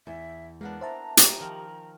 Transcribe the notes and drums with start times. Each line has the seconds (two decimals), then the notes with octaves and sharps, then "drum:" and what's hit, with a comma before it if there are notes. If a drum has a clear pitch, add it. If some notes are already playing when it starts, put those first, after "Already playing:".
0.07 E2 E5
0.61 G#3 A#3 B3 D4 B4
0.81 C5 E5 A5 A#5
1.17 G4 A#5, drum: hi-hat
1.40 D#3 F3 A#4